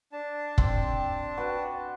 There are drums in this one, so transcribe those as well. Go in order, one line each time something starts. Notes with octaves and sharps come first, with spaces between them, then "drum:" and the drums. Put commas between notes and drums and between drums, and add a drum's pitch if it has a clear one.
D4 A5
C4 G4, drum: kick
F#4 B4 G5